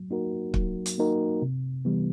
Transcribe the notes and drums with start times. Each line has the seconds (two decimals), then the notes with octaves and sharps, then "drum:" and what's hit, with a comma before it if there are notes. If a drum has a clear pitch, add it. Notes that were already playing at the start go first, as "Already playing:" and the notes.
Already playing: F#3
0.10 A#3 D#4 F#4 A#4
0.54 F#3, drum: kick
0.86 drum: hi-hat
0.98 A#3 D#4 F#4 A#4
1.42 C3
1.85 E3 G3 B3